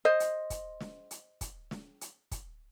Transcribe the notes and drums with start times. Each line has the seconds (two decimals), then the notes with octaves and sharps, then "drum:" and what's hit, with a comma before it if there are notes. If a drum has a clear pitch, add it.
0.05 C5 D#5
0.20 drum: hi-hat
0.50 drum: kick, hi-hat
0.80 drum: snare
1.11 drum: hi-hat
1.41 drum: kick, hi-hat
1.71 drum: snare
2.01 drum: hi-hat
2.31 drum: kick, hi-hat